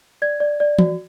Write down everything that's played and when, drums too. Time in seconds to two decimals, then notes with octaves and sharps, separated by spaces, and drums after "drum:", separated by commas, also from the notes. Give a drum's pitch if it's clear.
0.22 D5 G#6
0.40 D5
0.60 D5
0.79 F#4, drum: tom E3